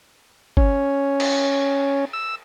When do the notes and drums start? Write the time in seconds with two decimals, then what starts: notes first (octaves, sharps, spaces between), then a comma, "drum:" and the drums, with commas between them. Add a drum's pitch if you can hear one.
0.57 C#4, drum: kick
1.20 drum: cymbal
2.13 E6